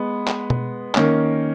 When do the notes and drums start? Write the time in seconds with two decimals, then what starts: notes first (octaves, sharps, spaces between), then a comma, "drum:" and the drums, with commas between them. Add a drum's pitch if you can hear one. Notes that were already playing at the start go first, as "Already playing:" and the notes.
Already playing: G#3 B3
0.28 drum: clap
0.50 drum: tom B2
0.95 D#3 A#3 C#4, drum: clap